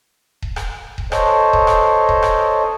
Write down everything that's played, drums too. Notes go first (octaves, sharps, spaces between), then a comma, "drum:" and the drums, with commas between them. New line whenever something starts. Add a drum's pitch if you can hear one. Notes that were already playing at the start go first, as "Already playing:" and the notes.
drum: kick D#1
drum: rim click
drum: kick D#1
A4 C5 C#5 D#5, drum: rim click
drum: kick D#1
drum: rim click
drum: kick D#1
drum: rim click